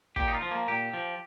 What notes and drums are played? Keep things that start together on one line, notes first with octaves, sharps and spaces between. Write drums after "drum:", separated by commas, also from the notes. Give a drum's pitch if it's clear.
A#2 G4, drum: kick
D#4
F4
F3
A#3
A#2 G4
F3